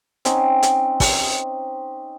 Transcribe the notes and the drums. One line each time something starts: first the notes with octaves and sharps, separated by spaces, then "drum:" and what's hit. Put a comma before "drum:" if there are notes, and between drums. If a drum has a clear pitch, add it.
C4 C#4 D#4 F#5, drum: hi-hat
drum: hi-hat
drum: kick, open hi-hat